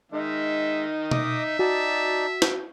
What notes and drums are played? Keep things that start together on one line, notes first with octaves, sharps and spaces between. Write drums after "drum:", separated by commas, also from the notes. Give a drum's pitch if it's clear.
D#3 G#3 D#4 E5
D#5 E5 D6 D#6, drum: tom B2
D#4 F#4 D5 A5
drum: snare